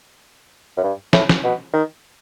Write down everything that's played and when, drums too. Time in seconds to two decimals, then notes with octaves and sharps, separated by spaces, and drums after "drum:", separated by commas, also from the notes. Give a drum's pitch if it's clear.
0.77 F#2
0.83 G2
1.13 A2, drum: snare
1.29 drum: snare
1.44 B2
1.73 D#3